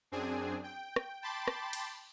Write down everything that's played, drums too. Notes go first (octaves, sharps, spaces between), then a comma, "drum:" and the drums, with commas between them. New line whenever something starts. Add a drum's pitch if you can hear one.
F#2 C4 D4 G#4 G#5
G5
drum: rim click
G5 A5 B5 C6 D6 A6
drum: rim click
drum: cymbal